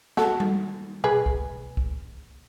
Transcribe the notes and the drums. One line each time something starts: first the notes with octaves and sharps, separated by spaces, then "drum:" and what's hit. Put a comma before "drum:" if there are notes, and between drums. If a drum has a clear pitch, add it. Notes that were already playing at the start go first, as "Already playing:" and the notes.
F#4 A4, drum: snare
drum: tom G3
G#4 B4, drum: tom B2
drum: kick
drum: kick